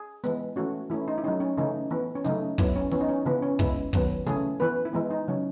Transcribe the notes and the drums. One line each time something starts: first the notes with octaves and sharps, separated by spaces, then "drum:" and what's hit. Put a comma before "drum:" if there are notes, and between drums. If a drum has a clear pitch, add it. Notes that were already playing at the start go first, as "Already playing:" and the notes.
Already playing: G#4
E3 G#3 B3, drum: hi-hat
E3 A3 C#4 F#4
E3 A3 C#4 E4
D#4
E4
F#3 A3 C#4 D#4
C#4
C#3 E3 A3 C#4 D#4
E3 B3
C#4
C#3 F#3 A3 D#4, drum: hi-hat
F#3 B3 E4, drum: kick
C#4
E3 B3 C#4, drum: open hi-hat
D#4
C#4
C#3 E3 B3
C#4
C#3 G#3 B3 E4, drum: kick, hi-hat
D#3 F#3 B3, drum: kick
C#3 E3 A3 C#4 G#4, drum: hi-hat
E3 B3 B4
E4
E3 G#3 B3
D#4
C#3 F#3 C#4